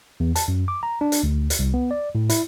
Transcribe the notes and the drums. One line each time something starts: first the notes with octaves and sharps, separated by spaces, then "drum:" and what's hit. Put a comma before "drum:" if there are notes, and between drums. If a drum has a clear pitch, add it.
E2
A5, drum: hi-hat
F#2
D6
A#5
D4
drum: hi-hat
D2
drum: hi-hat
C2
B3
D5
A2
E4, drum: hi-hat